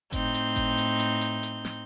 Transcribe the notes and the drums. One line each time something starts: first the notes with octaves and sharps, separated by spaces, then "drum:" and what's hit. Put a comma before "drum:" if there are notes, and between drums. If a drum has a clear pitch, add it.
A2 C4 D#4 G6, drum: kick G1, hi-hat
drum: hi-hat
drum: kick G1, hi-hat
drum: hi-hat
drum: hi-hat
drum: hi-hat
drum: hi-hat
drum: snare